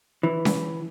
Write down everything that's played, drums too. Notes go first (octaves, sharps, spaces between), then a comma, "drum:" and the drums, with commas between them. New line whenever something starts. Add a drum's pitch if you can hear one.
E3
drum: snare C#4